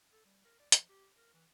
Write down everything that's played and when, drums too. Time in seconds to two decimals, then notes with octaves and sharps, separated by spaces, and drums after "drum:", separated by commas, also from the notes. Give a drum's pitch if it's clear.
0.13 A4
0.25 G3
0.45 A#4
0.59 D5
0.72 F3, drum: hi-hat
0.89 G4
1.17 A#4
1.33 E3